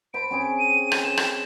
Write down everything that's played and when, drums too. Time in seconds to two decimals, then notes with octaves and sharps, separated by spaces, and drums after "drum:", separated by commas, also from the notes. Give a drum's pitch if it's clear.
0.14 C5 A5 B5 D7
0.31 C4 C#4 G#4
0.59 D#7
0.92 drum: rim click
1.04 C5 E7
1.17 drum: rim click